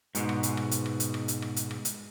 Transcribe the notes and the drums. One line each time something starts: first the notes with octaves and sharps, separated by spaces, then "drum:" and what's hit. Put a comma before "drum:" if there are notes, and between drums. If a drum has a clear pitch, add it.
G#2 B2, drum: hi-hat
drum: rim click
drum: hi-hat
drum: rim click
drum: hi-hat
drum: rim click
drum: hi-hat
drum: rim click
drum: hi-hat
drum: rim click
drum: hi-hat
drum: rim click
drum: hi-hat